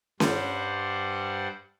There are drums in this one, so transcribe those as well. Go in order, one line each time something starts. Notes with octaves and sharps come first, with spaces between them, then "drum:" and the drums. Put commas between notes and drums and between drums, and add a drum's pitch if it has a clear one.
G2 G3 C5 F#5, drum: snare C#4